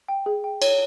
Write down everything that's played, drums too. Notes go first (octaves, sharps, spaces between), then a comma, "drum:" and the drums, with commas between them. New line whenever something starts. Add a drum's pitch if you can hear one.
G5
G#4
G5
C#5, drum: cymbal